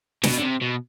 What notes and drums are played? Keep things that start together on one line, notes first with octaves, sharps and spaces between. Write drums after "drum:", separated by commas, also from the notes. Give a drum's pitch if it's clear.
B2, drum: snare
D3
C3
B2